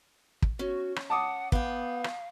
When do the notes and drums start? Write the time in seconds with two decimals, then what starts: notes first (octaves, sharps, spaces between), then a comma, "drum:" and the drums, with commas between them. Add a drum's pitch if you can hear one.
0.42 drum: kick
0.59 C#4 F#4
0.96 drum: rim click
1.10 F#5 A5 D6 D#6
1.52 B3 F5 G5, drum: kick
2.04 drum: rim click